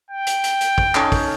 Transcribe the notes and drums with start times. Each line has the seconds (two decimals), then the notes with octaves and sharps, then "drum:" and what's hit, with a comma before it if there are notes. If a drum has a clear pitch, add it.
0.11 G5
0.27 drum: hi-hat
0.44 drum: hi-hat
0.61 drum: hi-hat
0.78 drum: kick
0.95 C#4 D#4 A4, drum: clap
1.12 drum: kick, open hi-hat